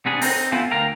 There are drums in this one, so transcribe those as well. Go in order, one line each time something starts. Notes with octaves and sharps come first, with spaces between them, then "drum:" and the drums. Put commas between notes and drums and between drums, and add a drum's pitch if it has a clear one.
C3 B3 D4 G#4
C4 D#4, drum: open hi-hat
B3 E4 F4 A4 F5 G#5
D2 D3 A#4 F5 G5 A#5